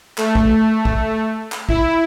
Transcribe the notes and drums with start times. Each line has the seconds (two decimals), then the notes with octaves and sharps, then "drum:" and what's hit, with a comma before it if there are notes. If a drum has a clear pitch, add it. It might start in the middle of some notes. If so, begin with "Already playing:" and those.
0.18 A3, drum: clap
0.35 drum: kick
0.85 drum: kick
1.52 drum: clap
1.69 E4, drum: kick